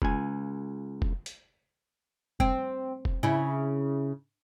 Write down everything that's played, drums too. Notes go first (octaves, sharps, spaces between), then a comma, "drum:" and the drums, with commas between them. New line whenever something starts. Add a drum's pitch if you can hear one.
C#2 G#5, drum: kick F1
drum: kick F1
drum: hi-hat
C4, drum: kick F1
drum: kick F1
C#3 E4